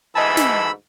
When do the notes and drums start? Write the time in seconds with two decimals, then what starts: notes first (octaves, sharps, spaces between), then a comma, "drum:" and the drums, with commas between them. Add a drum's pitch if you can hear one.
0.15 D2 G#2 E3 D#5 G#5 A5 B5 E6
0.37 drum: snare